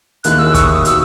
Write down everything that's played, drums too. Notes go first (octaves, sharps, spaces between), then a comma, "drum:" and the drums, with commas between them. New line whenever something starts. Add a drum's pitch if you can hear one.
D#2 D#3 A#3 E4 G#4 F#6, drum: hi-hat
E6
C#6, drum: kick, hi-hat
D#6
D#6
B2 E6, drum: hi-hat